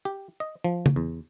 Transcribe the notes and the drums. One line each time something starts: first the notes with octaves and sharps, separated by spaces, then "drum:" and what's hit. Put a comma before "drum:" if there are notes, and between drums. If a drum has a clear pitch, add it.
G4
D#5
F3
drum: tom
E2